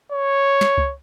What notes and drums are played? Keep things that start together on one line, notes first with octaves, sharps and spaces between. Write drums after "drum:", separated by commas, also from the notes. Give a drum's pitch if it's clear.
C#5
drum: snare
drum: kick C#2